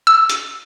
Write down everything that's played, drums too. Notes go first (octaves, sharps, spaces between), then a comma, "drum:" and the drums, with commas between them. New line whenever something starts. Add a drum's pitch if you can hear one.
E6
drum: hi-hat